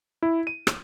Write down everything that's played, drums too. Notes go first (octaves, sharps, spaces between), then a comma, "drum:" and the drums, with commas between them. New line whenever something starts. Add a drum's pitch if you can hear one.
E4
D#7
drum: rim click